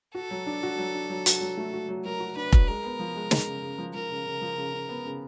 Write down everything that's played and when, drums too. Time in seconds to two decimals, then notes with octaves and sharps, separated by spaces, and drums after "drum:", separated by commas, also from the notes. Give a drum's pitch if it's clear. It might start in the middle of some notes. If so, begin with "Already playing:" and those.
0.15 F#4 A4
0.31 F#3
0.47 D4
0.63 F#4
0.78 F#3
0.94 D4
1.10 F#3
1.26 F#4, drum: hi-hat
1.41 F#3
1.58 A3
1.73 F#4
1.89 F#3
2.04 F#3 A#4
2.20 F#4
2.36 D4 B4
2.53 F#3, drum: kick F1
2.68 G#3 A#4
2.84 B3
2.99 F3
3.16 G#3
3.31 G#3, drum: snare
3.47 C#3
3.62 C#3
3.78 F3
3.94 F3 A#4
4.10 C#3
4.26 C#3
4.41 F3
4.57 C#3
4.74 C#3
4.89 B3
5.05 C#3